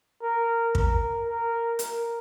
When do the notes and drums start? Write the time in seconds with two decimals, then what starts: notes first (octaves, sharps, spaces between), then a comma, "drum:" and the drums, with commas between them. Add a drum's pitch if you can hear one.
0.22 A#4
0.75 A#4, drum: kick
1.27 A#4
1.79 A#4, drum: hi-hat